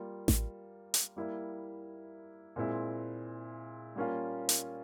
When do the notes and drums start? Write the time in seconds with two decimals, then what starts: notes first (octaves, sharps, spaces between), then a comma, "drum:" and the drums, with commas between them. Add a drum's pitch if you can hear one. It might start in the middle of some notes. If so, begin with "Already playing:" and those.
Already playing: G3 A#3 F4
0.28 drum: snare A1
0.94 drum: hi-hat
1.16 G3 A#3 E4
2.56 A#2 G#3 C4 E4
3.96 G3 A#3 C#4 F4
4.49 drum: hi-hat